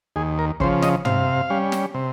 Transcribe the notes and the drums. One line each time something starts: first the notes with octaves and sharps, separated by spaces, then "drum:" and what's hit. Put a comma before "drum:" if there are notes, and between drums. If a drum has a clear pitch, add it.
D#2 G#4
A#4
C#3 F3 C5, drum: kick
D#5, drum: snare
C3 F5, drum: tom
G3 C#4
drum: snare
C3